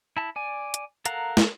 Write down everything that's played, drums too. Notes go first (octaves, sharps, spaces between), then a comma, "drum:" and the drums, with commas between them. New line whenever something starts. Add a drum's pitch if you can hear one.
E4 A5
D5 G#5
drum: hi-hat
A4 A#4 F5 F#5 A#5, drum: hi-hat
drum: snare